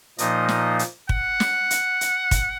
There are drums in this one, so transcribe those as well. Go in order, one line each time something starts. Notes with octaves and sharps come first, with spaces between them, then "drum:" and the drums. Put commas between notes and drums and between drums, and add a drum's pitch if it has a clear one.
A#2 F3 A#3 D#4 D#5, drum: hi-hat
D#5, drum: snare
drum: hi-hat
F#5, drum: kick
drum: snare
drum: hi-hat
drum: hi-hat
drum: kick, hi-hat